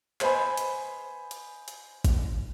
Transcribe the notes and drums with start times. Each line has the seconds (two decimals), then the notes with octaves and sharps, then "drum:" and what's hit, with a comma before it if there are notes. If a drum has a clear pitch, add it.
0.21 B4 C5 D#5 G#5 B5, drum: clap
0.57 drum: hi-hat
1.31 drum: hi-hat
1.68 drum: hi-hat
2.05 drum: kick G#1, hi-hat